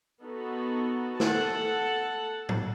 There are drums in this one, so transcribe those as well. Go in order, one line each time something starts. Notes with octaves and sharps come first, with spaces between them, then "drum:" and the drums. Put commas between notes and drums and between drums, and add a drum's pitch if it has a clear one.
B3 D#4 F#4 A4
A4 F#5 A5, drum: snare
drum: tom G#2